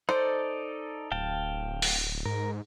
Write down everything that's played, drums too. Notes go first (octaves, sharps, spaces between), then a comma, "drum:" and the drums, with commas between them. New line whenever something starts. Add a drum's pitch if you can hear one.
D#4 A4 C5 D5
D1 F5 G5 A5
drum: open hi-hat
G#2 A#4